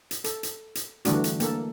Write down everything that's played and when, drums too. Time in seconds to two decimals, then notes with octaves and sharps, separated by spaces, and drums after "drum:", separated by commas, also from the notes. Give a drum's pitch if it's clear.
0.11 drum: hi-hat
0.24 A4, drum: hi-hat
0.43 drum: hi-hat
0.75 drum: hi-hat
1.05 D3 E3 G3 A3 D4 F#4, drum: hi-hat
1.24 drum: hi-hat
1.40 A#3 A4, drum: hi-hat